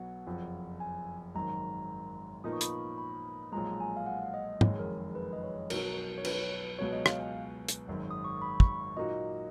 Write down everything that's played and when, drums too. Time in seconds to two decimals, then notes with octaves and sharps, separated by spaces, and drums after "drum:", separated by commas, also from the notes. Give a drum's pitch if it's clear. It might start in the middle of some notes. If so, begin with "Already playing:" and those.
Already playing: B1 B2 F#3 F#5
0.27 F#1 F2 F3
0.80 G#5
1.35 G#1 F#2 D#3 A#5
2.44 A#2 F3 B3 D#4 A#4 D#6
2.53 C#6
2.61 B5, drum: hi-hat
2.70 C#6
2.98 B5
3.52 B1 A#2 F3 G#3 A#5
3.80 G#5
3.97 F5
4.06 F#5
4.34 D#5
4.61 F#1 F2 D#3 G#3 C#5, drum: tom
4.79 A#4
4.98 A#4
5.15 B4
5.33 D#5
5.43 C#5
5.70 B1 B2 F#3 A#4, drum: cymbal
5.98 A#4
6.18 C#5
6.25 B4, drum: cymbal
6.78 C#2 B2 F#3 B3 F#4 C#5
6.92 D#5
7.06 F5, drum: rim click
7.20 G#5
7.68 drum: hi-hat
7.88 G#1 F#2 D#3
8.11 D#6
8.24 C#6
8.42 B5
8.60 C#6, drum: kick
8.96 A#2 F#3 A#3 D#4 F#4 D#5